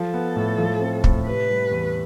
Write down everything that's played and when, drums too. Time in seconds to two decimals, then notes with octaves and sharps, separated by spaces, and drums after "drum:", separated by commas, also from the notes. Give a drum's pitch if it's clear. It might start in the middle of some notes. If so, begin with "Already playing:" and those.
Already playing: F3 A4
0.14 B3
0.36 A2
0.58 F3
0.81 C4
1.04 A2, drum: kick
1.26 C3 B4
1.48 G3
1.71 E2